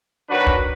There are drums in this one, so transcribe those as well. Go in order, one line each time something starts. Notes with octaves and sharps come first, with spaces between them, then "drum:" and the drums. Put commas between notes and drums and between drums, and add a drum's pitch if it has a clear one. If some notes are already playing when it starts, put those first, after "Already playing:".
D#3 F#3 D4 F#4 B4
drum: kick